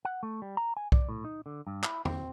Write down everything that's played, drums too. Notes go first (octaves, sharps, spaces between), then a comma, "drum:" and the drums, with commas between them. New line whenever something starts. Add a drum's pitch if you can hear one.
F#5
A3
G3
A#5
G#5
D5, drum: kick B1
A2
D#4
D3
G2
E4, drum: clap
C4, drum: tom E2